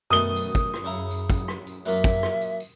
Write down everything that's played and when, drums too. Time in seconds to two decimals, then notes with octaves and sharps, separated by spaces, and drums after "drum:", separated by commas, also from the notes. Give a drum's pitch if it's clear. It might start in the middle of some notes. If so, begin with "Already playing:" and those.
0.10 F#2 B2 D#3 A3 D#6 G7
0.36 drum: tambourine
0.55 drum: kick, tambourine
0.74 drum: rim click
0.84 C#3 E4 A#5
1.11 drum: tambourine
1.30 drum: kick, tambourine
1.48 drum: rim click
1.67 drum: tambourine
1.86 F#3 A#3 F4 E5, drum: tambourine
2.04 drum: kick, tambourine
2.23 drum: rim click
2.42 drum: tambourine
2.60 drum: tambourine